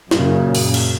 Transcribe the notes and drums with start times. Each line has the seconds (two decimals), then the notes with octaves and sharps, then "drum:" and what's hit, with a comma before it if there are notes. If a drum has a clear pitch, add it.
0.11 F#2 A#2 C#3, drum: snare
0.55 drum: open hi-hat
0.74 drum: cymbal